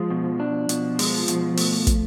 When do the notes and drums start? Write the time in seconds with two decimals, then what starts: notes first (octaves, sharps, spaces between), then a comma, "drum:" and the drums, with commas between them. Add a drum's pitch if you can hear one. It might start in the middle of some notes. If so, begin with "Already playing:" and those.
Already playing: F3 G#3
0.10 B2
0.40 D4
0.69 B2 F3, drum: hi-hat
0.99 G#3, drum: open hi-hat
1.28 B2, drum: hi-hat
1.57 A3, drum: open hi-hat
1.87 drum: kick, hi-hat